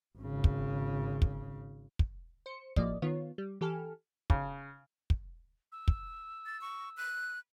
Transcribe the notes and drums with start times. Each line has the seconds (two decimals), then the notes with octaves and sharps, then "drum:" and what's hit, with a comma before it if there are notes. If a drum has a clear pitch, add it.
0.18 G#1 C#3
0.44 drum: kick
1.22 drum: kick
1.99 drum: kick
2.46 C5 C#7
2.76 A1 F3 A#3 D5 D#5, drum: kick
3.02 D#3 B3 F4 C#5
3.38 G3
3.61 E3 G4 A4 G#5 F6
4.30 C#3, drum: kick
5.10 drum: kick
5.72 E6
5.88 drum: kick
6.46 A6
6.61 C#6
6.97 F#6